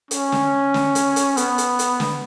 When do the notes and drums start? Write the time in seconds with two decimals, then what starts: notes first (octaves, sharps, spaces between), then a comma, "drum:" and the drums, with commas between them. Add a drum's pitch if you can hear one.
0.11 C#4, drum: hi-hat
0.32 drum: snare
0.74 drum: snare
0.95 drum: hi-hat
1.16 drum: hi-hat
1.37 B3, drum: hi-hat
1.58 drum: hi-hat
1.79 drum: hi-hat
2.00 drum: snare